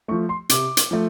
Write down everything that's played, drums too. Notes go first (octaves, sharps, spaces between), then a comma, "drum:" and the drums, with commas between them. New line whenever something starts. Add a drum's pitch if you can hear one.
F3 A3 C#6
C6
C3 D6, drum: hi-hat
drum: hi-hat
F3 A3